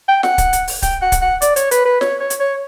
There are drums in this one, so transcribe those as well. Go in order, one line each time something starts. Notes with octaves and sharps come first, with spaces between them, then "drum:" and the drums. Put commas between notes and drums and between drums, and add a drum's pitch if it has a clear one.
G5
F#5, drum: snare
drum: kick C#1, hi-hat
drum: hi-hat
drum: open hi-hat
G5, drum: kick C#1, hi-hat
F#5
drum: kick C#1, hi-hat
F#5
D5, drum: hi-hat
C#5, drum: hi-hat
B4, drum: hi-hat
B4
C#5, drum: snare
C#5
drum: hi-hat
C#5